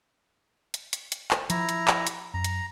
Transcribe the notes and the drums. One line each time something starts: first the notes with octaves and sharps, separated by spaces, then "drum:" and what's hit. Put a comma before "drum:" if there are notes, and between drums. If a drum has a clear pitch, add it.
drum: hi-hat
drum: hi-hat
drum: hi-hat
drum: clap
F3 E4 A#5, drum: hi-hat
drum: hi-hat
drum: clap
drum: hi-hat
F#2 A#5
drum: hi-hat